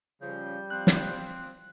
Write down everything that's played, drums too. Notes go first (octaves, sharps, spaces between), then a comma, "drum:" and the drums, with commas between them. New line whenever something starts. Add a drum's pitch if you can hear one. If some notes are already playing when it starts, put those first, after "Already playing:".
C#3 F3 G3 G6
F3 C4 F#6
drum: snare